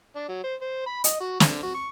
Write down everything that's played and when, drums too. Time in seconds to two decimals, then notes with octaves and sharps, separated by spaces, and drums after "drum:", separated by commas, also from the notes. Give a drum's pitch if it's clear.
0.16 D4
0.29 F#3
0.44 C5
0.61 C5
0.86 B5
1.04 D#5, drum: hi-hat
1.20 F#4
1.40 D3, drum: snare
1.63 F#4
1.74 C#6